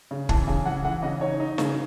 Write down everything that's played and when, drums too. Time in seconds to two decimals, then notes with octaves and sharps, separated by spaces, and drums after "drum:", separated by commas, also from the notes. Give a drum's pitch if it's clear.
0.11 C#3
0.29 E3 A5, drum: kick
0.47 C#3 G#5
0.66 E3 F#5
0.85 E3 F#5
1.02 C#3 D#5
1.21 D#4 C#5
1.40 D#4
1.58 C#3, drum: snare